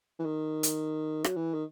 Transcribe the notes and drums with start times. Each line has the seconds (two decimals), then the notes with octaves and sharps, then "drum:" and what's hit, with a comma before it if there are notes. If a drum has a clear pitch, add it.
0.19 E3
0.25 D#3
0.63 drum: hi-hat
1.24 F#3, drum: rim click
1.36 E3
1.54 D#3